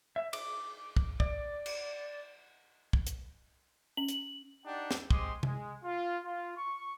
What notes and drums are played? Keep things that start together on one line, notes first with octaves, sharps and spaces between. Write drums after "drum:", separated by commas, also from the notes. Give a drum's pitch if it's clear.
E5
D6, drum: cymbal
drum: kick
D5, drum: kick
drum: cymbal
drum: kick
drum: hi-hat
C#4 F#7
drum: hi-hat
D4 D#4 G4 D5 F#5 G5
drum: snare
G#3 C4 G4 C6 D6 D#6, drum: kick
G#3, drum: tom C3
F4
F4
C#6